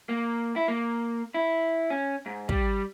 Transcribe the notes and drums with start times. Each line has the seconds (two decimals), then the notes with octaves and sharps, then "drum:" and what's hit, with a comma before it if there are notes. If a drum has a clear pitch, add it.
0.09 A#3
0.56 E4
0.68 A#3
1.34 E4
1.90 C#4
2.26 G#2
2.49 G3, drum: kick